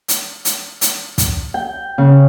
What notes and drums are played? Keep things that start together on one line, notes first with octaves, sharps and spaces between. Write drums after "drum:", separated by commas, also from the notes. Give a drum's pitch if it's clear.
drum: hi-hat
drum: hi-hat
drum: hi-hat
drum: kick, hi-hat
G5
C#3